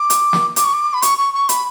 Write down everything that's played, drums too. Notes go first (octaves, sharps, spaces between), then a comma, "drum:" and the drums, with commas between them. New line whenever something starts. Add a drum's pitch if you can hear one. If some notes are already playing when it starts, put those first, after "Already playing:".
Already playing: D6
drum: hi-hat
drum: snare
D6, drum: hi-hat
C#6
D6
B5
C#6, drum: hi-hat
C#6
C#6
B5, drum: hi-hat